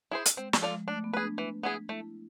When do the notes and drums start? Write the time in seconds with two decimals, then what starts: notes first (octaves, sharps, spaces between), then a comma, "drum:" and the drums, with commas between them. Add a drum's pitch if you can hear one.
0.11 E4 G#4 C5
0.26 drum: hi-hat
0.37 G#3 C4
0.53 F3, drum: snare
0.62 F4 A4 D5
0.71 G#3
0.88 A3 D4
0.98 A3
1.04 B3
1.13 G#4 B4
1.22 D4
1.38 E3
1.63 B3 E4 G#4
1.89 A3 E4